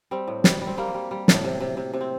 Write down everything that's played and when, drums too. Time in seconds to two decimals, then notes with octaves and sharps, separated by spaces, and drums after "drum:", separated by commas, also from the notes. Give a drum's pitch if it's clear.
0.11 G3 C4
0.27 A2
0.44 G3, drum: snare
0.61 G3
0.67 C4
0.77 G3 A#3
0.94 G3
1.11 G3
1.28 A2, drum: snare
1.44 C3
1.60 C3
1.77 C3
1.93 C3
2.01 C4